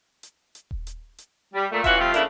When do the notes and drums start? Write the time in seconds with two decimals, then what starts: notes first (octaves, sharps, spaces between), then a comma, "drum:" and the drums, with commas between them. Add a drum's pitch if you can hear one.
0.23 drum: hi-hat
0.55 drum: hi-hat
0.71 drum: kick D#1
0.87 drum: hi-hat
1.18 drum: hi-hat
1.54 G3
1.71 A#2 A3
1.84 E3 C#4 F4 F#4 E5 F#5, drum: kick D#1, hi-hat
1.98 F3 G3 A3 C4 F4
2.14 C#3 A3 A#3 D4 E4, drum: hi-hat